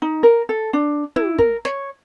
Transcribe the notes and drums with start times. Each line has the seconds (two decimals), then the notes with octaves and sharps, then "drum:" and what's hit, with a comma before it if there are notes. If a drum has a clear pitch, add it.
0.02 D#4
0.23 A#4
0.49 A4
0.73 D4
1.16 E4, drum: tom
1.38 A#4, drum: kick
1.65 C#5, drum: snare